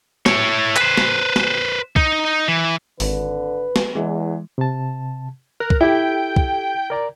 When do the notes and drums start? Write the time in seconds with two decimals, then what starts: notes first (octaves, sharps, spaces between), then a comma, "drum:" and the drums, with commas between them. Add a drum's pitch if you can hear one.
0.26 E4 C#5, drum: snare
0.76 B4 C5, drum: clap
0.97 drum: snare
1.36 drum: snare
1.96 D#4, drum: kick
2.48 E3
3.00 G#1 D3 B4, drum: open hi-hat
3.76 drum: snare
3.95 E2 E3 G#3
4.58 C3 A5
5.60 A#4 F#6
5.70 drum: kick
5.81 E4 G4 A4 G5
6.36 drum: kick
6.90 A#4 D5 A#5